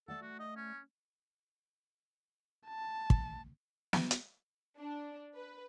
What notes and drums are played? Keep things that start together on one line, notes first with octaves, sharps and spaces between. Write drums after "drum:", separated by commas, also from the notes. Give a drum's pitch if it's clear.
A3 A4 D5 F#5
F#4
D#5
C#4
A5
drum: kick
drum: snare
drum: hi-hat
D4
B4